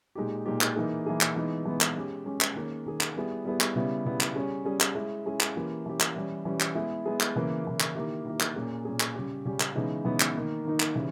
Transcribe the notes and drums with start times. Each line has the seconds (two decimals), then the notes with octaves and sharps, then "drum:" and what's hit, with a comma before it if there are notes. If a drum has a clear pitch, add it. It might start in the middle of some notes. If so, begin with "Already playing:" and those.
0.15 A#2 G#3 D#4 G4
0.46 A#2 G#3 D#4 G4
0.61 drum: clap
0.76 E3 A#3 D#4 G#4
1.06 E3 A#3 D#4 G#4
1.21 drum: clap
1.36 E3 G#3 B3 D#4
1.65 E3 G#3 B3 D#4
1.81 drum: clap
1.96 G#3 C#4 G4
2.26 G#3 C#4 G4
2.41 drum: clap
2.55 D#3 A#3 C#4 G#4
2.86 D#3 A#3 C#4 G#4
3.01 drum: clap
3.16 G3 B3 E4 G#4
3.45 G3 B3 E4 G#4
3.61 drum: clap
3.76 C#3 G3 B3 E4
4.05 C#3 G3 B3 E4
4.21 drum: clap
4.35 G3 C#4 G#4
4.65 G3 C#4 G#4
4.81 drum: clap
4.95 G#3 C#4 E4 G#4
5.26 G#3 C#4 E4 G#4
5.40 drum: clap
5.56 E3 A#3 C#4 E4 G4
5.86 E3 A#3 C#4 E4 G4
6.00 drum: clap
6.16 E3 G3 C#4
6.45 E3 G3 C#4
6.60 drum: clap
6.75 G#3 B3 E4 G#4
7.06 G#3 B3 E4 G#4
7.20 drum: clap
7.35 C#3 E3 A#3
7.65 C#3 E3 A#3
7.80 drum: clap
7.95 D#3 A#3 E4 G4
8.25 D#3 A#3 E4 G4
8.40 drum: clap
8.56 A#2 A#3 C#4 G#4
8.85 A#2 A#3 C#4 G#4
9.00 drum: clap
9.15 C#3 G3 C#4 G4
9.45 C#3 G3 C#4 G4
9.60 drum: clap
9.75 C#3 E3 G#3 B3 D#4
10.05 C#3 E3 G#3 B3 D#4
10.20 drum: clap
10.35 D#3 A#3 D#4
10.64 D#3 A#3 D#4
10.80 drum: clap
10.95 C#3 E3 G3